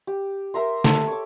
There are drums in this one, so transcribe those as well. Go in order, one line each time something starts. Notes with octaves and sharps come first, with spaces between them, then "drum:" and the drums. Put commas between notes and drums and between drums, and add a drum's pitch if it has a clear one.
G4
A#4 E5 A#5 C6
A4, drum: snare
C#5 D6